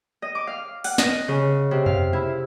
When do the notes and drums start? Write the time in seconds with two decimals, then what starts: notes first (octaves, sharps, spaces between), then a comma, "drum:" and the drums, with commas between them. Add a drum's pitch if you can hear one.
0.22 D#5
0.35 D6
0.47 F5
0.84 F#5, drum: open hi-hat
0.98 D#5, drum: snare
1.28 C#3
1.71 C3
1.86 F5, drum: tom F2
2.13 E4